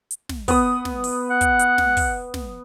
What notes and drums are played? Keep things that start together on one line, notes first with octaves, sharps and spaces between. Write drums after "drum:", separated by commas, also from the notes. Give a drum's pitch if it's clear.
drum: hi-hat
drum: snare
B3 D#6, drum: kick, open hi-hat
drum: snare
drum: open hi-hat
F#5
drum: kick, hi-hat
drum: hi-hat
drum: snare
drum: kick, open hi-hat
drum: snare